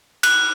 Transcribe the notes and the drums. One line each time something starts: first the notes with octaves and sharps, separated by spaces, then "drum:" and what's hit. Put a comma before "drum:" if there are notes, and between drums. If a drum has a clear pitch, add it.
F#6, drum: cymbal